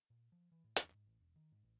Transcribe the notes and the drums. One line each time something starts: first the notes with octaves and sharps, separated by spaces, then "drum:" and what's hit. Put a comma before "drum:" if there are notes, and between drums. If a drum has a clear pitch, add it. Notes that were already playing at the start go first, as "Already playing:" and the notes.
A#2
F3
E3
A2
E2, drum: hi-hat
G#2
A1
E1
D#3
G#2
A1